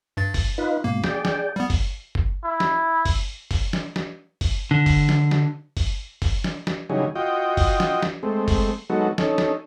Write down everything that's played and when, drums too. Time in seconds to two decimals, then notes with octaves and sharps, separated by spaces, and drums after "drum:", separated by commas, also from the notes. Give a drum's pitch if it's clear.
0.17 G2 A6
0.34 drum: kick F#1, open hi-hat
0.58 D#4 F4 B4
0.84 G#2 B2 A#3
1.04 G#4 D5 G5, drum: snare
1.25 drum: snare
1.56 G3 B3
1.70 drum: kick F#1, open hi-hat
2.15 drum: kick F#1
2.44 E4
2.60 drum: snare
3.05 drum: kick F#1, open hi-hat
3.51 drum: kick F#1, open hi-hat
3.73 drum: snare
3.96 drum: snare
4.41 drum: kick F#1, open hi-hat
4.71 D3
4.86 drum: kick F#1, open hi-hat
5.09 drum: snare
5.31 drum: snare
5.77 drum: kick F#1, open hi-hat
6.22 drum: kick F#1, open hi-hat
6.44 drum: snare
6.67 drum: snare
6.90 C#3 E3 F#3 G3 D#4 G#4
7.15 F4 F#4 D#5 G5
7.57 drum: kick F#1, open hi-hat
7.80 drum: snare
8.03 drum: snare
8.23 G#3 A3 C4
8.48 drum: kick F#1, open hi-hat
8.90 F#3 G#3 B3 D#4 F#4 A4
9.18 C#4 D#4 A4, drum: snare
9.38 drum: snare